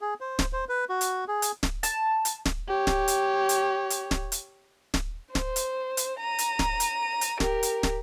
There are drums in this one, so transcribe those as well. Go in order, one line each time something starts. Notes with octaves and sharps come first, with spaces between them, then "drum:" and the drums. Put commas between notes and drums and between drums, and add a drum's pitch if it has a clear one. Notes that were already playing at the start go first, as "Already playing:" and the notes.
G#4
C5
drum: snare
C5
B4
F#4
drum: hi-hat
G#4
drum: hi-hat
drum: snare
A5, drum: hi-hat
drum: hi-hat
drum: snare
G4 C#5
drum: snare
drum: hi-hat
drum: hi-hat
drum: hi-hat
drum: snare
drum: hi-hat
drum: snare
C5, drum: snare
drum: hi-hat
drum: hi-hat
A#5 D#7
drum: hi-hat
drum: snare
drum: hi-hat
drum: hi-hat
G4 A#4, drum: snare
drum: hi-hat
drum: snare